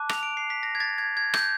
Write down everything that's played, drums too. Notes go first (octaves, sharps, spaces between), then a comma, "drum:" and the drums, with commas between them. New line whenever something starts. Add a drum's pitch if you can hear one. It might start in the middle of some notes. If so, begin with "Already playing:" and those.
Already playing: A5 D6 F#6
F7, drum: rim click
D7
C7
B6
A#6
G#6
A6
G#6
G#6
G6, drum: rim click